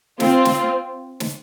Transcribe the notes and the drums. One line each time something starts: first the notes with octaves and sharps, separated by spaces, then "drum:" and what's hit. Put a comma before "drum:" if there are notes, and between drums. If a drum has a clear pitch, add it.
C4 F4, drum: snare
drum: snare
drum: snare